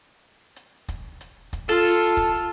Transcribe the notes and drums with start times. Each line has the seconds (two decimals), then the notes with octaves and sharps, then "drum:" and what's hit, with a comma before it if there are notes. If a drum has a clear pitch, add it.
0.56 drum: hi-hat
0.88 drum: kick, hi-hat
1.21 drum: hi-hat
1.53 drum: kick, hi-hat
1.69 F4 A4
2.17 drum: kick